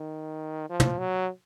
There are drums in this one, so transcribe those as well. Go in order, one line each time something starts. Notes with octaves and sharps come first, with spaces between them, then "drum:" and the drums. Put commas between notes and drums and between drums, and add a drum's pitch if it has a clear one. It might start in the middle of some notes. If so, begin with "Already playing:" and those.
Already playing: D#3
F3
drum: tom
F#3